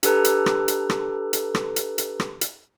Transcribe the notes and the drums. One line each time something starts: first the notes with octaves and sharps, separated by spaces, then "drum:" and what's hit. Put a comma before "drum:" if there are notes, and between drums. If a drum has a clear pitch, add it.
D4 G4 A4 B4 A#5, drum: hi-hat
drum: hi-hat
drum: rim click
drum: hi-hat
drum: rim click
drum: hi-hat
drum: rim click
drum: hi-hat
drum: hi-hat
drum: rim click
drum: hi-hat